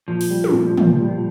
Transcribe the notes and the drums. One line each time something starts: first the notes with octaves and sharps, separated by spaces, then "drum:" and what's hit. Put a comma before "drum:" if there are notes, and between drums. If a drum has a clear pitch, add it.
A#2 F3
drum: open hi-hat
G3
drum: tom
A#2
A#2, drum: tom
G3